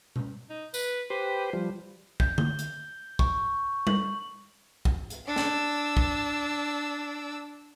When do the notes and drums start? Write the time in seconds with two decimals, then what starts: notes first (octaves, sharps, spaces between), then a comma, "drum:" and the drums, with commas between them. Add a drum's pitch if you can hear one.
0.16 drum: tom B2
0.50 D#4
0.74 B4, drum: tambourine
1.10 G4 B4 C5
1.53 F3 G3
2.20 G6, drum: kick
2.38 G7, drum: tom D3
2.59 drum: hi-hat
3.19 C#6, drum: kick
3.87 F#7, drum: tom G3
4.85 drum: kick
5.10 drum: hi-hat
5.27 D4 E6
5.36 drum: snare
5.97 drum: kick